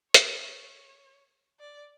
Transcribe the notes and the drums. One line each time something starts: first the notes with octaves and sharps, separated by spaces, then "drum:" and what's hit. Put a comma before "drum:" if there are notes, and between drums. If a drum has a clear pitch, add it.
C#5, drum: hi-hat
D5